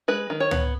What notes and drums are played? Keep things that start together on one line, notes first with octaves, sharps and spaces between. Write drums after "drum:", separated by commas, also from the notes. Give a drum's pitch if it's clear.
G#3 B4
D#3
C#5
B3, drum: tom C#2